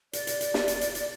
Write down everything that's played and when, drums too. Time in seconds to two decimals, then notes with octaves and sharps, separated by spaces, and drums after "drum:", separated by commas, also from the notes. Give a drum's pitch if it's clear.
0.13 D5, drum: hi-hat
0.27 drum: hi-hat
0.41 drum: hi-hat
0.54 drum: snare
0.68 drum: hi-hat
0.81 drum: hi-hat
0.95 drum: hi-hat